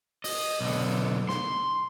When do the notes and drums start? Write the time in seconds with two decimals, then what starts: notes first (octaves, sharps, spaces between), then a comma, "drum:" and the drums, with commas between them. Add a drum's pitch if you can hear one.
0.24 D#5, drum: open hi-hat
0.61 B1 D3
1.29 C6, drum: snare